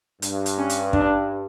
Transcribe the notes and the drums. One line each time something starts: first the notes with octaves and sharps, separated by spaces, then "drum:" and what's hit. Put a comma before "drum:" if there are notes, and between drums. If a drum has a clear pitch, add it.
G2, drum: hi-hat
drum: hi-hat
C#4
drum: hi-hat
D4, drum: kick